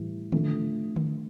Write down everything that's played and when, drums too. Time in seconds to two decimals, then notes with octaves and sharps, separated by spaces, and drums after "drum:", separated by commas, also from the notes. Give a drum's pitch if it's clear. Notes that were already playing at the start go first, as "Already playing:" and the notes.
Already playing: A2 E3 G3
0.32 D3 F3 A3, drum: tom D3
0.96 drum: tom D3